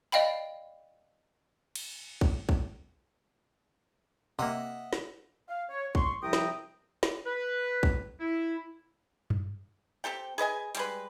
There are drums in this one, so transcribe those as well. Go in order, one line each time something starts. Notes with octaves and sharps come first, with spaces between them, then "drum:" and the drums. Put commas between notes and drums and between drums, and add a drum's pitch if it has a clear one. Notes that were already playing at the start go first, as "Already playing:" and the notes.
D5 D#5 F5 G5 B5
drum: cymbal
drum: kick
drum: kick
C3 A#3 D#5 E5 F#5
drum: snare
F5
C#5
C6 C#6, drum: kick
C2 F3 E5 G5 A#5 D#6
drum: snare
drum: snare
B4
drum: kick
E4
drum: tom F#2
C4 G4 A4 G5
G#4 B4 D#5 G#5
G3 G#3 B4, drum: hi-hat